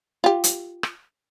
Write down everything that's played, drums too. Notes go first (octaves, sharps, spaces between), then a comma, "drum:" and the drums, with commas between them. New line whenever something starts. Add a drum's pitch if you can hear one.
F4 G4
drum: hi-hat
drum: rim click